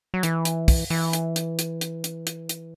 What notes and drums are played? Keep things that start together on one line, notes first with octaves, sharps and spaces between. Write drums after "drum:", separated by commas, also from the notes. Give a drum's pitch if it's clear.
F#3
E3, drum: hi-hat
drum: hi-hat
drum: kick, open hi-hat
E3, drum: open hi-hat
drum: hi-hat
drum: hi-hat
drum: hi-hat
drum: hi-hat
drum: hi-hat
drum: hi-hat
drum: hi-hat